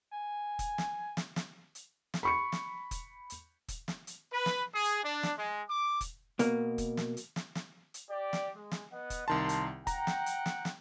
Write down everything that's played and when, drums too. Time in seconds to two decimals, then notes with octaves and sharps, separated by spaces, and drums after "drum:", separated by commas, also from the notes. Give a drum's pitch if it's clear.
0.12 G#5
0.59 drum: kick, hi-hat
0.78 drum: snare
1.17 drum: snare
1.36 drum: snare
1.75 drum: hi-hat
2.14 drum: snare
2.23 B5 C#6 C#7
2.52 drum: snare
2.91 drum: kick, hi-hat
3.30 drum: hi-hat
3.68 drum: kick, hi-hat
3.88 drum: snare
4.07 drum: hi-hat
4.31 B4
4.46 drum: snare
4.73 G#4
4.85 drum: hi-hat
5.04 D4
5.23 drum: snare
5.37 G#3
5.68 D6
6.01 drum: kick, hi-hat
6.39 B2 A#3, drum: hi-hat
6.78 drum: kick, hi-hat
6.97 drum: snare
7.17 drum: hi-hat
7.36 drum: snare
7.55 drum: snare
7.94 drum: hi-hat
8.10 G4 D5
8.33 drum: snare
8.56 G#3
8.71 drum: snare
8.93 B3 D#5 F#5
9.10 drum: kick, hi-hat
9.28 C2 D#3 A5 A#5 C6
9.49 drum: hi-hat
9.87 F#5 G5 A#5, drum: kick, hi-hat
10.07 drum: snare
10.26 drum: hi-hat
10.46 drum: snare
10.65 drum: snare